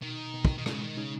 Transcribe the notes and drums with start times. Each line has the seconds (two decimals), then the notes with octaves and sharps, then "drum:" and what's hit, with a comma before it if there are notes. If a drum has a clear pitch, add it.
0.02 B2 D#3
0.34 B2
0.45 drum: kick
0.58 D#3
0.66 C#3 G#3, drum: rim click
0.82 D#3
0.97 C#3 D#4